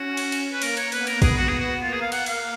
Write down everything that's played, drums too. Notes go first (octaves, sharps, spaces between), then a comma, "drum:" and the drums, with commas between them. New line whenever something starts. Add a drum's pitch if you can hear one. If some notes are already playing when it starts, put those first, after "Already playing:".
Already playing: C#4 F#4
drum: cymbal
drum: cymbal
B4
A#3 A#4, drum: cymbal
C#5, drum: cymbal
B3 B4, drum: cymbal
A#4, drum: cymbal
B3 G#4, drum: kick, cymbal
F#4
G#4
F#4
A#3 F4
G#4
F5
F#5, drum: cymbal
F5, drum: cymbal